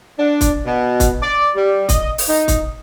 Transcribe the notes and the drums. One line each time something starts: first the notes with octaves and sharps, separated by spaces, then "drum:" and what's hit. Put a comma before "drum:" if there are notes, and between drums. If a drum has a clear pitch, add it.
D4
drum: kick, hi-hat
B2
drum: kick, hi-hat
D5
G3
D#5, drum: kick, hi-hat
drum: open hi-hat
D#4
drum: kick, hi-hat